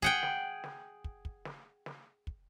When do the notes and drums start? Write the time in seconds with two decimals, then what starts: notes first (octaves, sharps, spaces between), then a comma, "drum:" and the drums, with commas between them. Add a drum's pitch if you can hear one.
0.02 G#4 F#5 G5, drum: kick
0.23 drum: snare
0.64 drum: snare
1.04 drum: kick
1.25 drum: kick
1.45 drum: snare
1.86 drum: snare
2.27 drum: kick